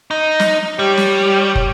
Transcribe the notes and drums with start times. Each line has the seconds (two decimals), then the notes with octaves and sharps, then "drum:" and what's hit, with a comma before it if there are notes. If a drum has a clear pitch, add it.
0.11 D#4
0.40 drum: snare
0.79 G3 G4 C#5
0.97 drum: snare
1.55 drum: kick